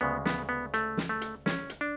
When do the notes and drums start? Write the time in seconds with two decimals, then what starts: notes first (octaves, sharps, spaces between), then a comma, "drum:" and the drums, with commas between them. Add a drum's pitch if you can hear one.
0.01 D2 C#3 G#3 B3
0.26 B3, drum: snare
0.49 B3
0.74 A3, drum: hi-hat
0.97 drum: snare
1.09 A3
1.21 drum: hi-hat
1.46 C#4, drum: snare
1.70 drum: hi-hat
1.81 D4